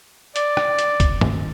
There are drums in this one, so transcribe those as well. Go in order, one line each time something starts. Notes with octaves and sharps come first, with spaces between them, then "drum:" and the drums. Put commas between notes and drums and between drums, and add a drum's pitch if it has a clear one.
D5, drum: hi-hat
drum: rim click
drum: hi-hat
drum: kick, hi-hat
drum: tom